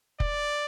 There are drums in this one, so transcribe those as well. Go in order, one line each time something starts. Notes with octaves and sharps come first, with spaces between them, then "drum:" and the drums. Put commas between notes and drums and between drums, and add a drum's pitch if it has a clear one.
D5, drum: kick